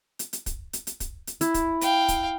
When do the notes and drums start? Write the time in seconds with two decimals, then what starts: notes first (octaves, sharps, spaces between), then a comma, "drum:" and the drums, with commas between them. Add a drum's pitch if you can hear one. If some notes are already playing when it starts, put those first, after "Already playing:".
0.19 drum: hi-hat
0.33 drum: hi-hat
0.46 drum: kick, hi-hat
0.73 drum: hi-hat
0.87 drum: hi-hat
1.00 drum: kick, hi-hat
1.27 drum: hi-hat
1.41 E4, drum: hi-hat
1.54 drum: kick, hi-hat
1.81 F5 G5, drum: hi-hat
2.08 drum: kick, hi-hat